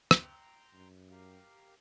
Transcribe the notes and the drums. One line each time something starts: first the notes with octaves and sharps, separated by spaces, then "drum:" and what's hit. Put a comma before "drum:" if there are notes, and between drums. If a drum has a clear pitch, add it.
drum: rim click
G5 A#5 C6
F#2
G4 A#4 F5